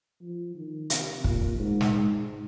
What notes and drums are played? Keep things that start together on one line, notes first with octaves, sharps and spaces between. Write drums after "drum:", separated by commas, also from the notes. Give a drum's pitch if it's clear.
F3
D#3
C3, drum: hi-hat
A#2, drum: kick
G#2
drum: snare
G#2